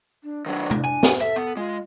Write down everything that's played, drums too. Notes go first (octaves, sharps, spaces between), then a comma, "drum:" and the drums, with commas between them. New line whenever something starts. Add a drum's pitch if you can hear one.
D4
D#3 F#3 D4
drum: tom
G#5
drum: snare
A4 E5
B3
G#3 F4